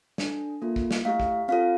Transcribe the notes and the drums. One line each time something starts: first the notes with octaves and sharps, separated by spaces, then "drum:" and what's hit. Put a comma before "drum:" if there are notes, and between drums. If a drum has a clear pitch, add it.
D4 A4, drum: snare
A#3 F4 A4
drum: kick
drum: snare
A3 E4 G4 F5
drum: kick
C4 F4 A4 F5